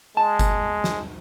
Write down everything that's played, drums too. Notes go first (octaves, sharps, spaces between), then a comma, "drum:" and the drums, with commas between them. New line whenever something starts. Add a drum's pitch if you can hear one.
G#3 A5
drum: kick G1, tambourine
drum: snare